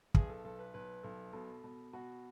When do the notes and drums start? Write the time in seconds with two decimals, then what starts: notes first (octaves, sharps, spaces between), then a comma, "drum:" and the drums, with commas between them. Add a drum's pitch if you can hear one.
0.14 B1 G#4, drum: kick
0.30 A4
0.44 B1 A4
0.59 B4
0.74 B1 B4
1.03 B1 A4
1.33 B2 A4
1.64 B2
1.93 B2 F#4